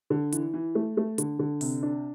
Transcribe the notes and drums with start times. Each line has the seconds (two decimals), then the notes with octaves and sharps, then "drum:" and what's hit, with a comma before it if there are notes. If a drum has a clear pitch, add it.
0.10 D3
0.32 E3, drum: hi-hat
0.54 E3
0.75 A3
0.97 A3
1.18 D3, drum: hi-hat
1.39 D3
1.61 C3, drum: open hi-hat
1.82 D4